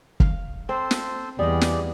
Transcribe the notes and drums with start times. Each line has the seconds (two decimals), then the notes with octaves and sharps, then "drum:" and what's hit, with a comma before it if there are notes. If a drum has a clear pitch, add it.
0.20 F5, drum: kick
0.69 C4 A4 C5
0.91 drum: snare
1.39 E2 G3 G4 G#4 D5 D#5
1.61 drum: snare